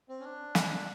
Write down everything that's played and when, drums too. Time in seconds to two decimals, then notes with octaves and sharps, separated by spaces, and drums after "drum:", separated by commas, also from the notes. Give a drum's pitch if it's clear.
0.09 C4
0.20 C#4
0.23 D4
0.55 drum: snare